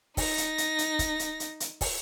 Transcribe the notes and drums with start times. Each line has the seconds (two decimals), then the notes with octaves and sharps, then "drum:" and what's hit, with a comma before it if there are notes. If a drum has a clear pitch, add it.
0.17 D#4 A#6, drum: kick, open hi-hat
0.38 drum: hi-hat
0.58 drum: hi-hat
0.78 drum: hi-hat
0.99 drum: kick, hi-hat
1.19 drum: hi-hat
1.40 drum: hi-hat
1.60 drum: hi-hat
1.81 drum: kick, open hi-hat